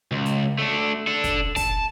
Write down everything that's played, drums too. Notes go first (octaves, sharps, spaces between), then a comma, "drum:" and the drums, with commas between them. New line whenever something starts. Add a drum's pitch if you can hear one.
C#2
drum: hi-hat
A3 D4
D4 A4
drum: kick, hi-hat
A5, drum: kick, open hi-hat